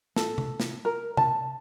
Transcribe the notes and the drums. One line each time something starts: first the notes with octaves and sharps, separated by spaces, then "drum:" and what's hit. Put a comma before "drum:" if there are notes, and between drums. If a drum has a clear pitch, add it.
A4, drum: snare
drum: tom C3
drum: snare
A#4
A5, drum: tom C3